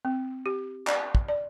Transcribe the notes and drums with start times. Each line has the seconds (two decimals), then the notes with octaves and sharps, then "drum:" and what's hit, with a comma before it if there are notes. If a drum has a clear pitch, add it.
0.05 C4
0.46 G4
0.87 D5, drum: clap
1.15 drum: kick
1.29 D5